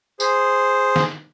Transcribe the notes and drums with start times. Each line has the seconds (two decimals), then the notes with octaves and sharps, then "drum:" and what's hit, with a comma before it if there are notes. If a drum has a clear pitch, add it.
0.20 G#4 C5, drum: tambourine
0.96 drum: snare